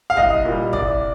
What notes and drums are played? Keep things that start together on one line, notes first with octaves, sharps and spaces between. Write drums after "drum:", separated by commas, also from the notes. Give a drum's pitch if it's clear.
F5
C2 D#5, drum: kick
A#2 G3
C2 D5, drum: kick